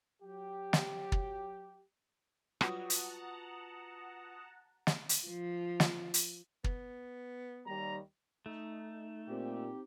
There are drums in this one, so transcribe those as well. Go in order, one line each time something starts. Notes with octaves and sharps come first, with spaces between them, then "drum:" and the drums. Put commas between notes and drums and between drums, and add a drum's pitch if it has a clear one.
F#3 G4
drum: snare
drum: kick
F#3 G3 F4 F#4 B4 D#6, drum: rim click
F#5 A5 A#5, drum: hi-hat
drum: snare
drum: hi-hat
F3
drum: snare
drum: hi-hat
B3, drum: kick
D#2 D#3 G3 A#5
A3 D#4
A#2 C4 G4